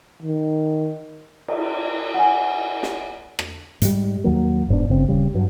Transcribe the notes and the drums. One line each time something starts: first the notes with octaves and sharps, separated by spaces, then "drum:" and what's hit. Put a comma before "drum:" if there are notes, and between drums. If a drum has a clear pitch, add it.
D#3
drum: cymbal
F#5 G#5
drum: snare
drum: rim click
G#2 G3, drum: hi-hat
D#2 D#3 F#3 A#3
F1 G#2 B3 D4
G1 C#3 C4
D#1 C#3 G3
G2 F#3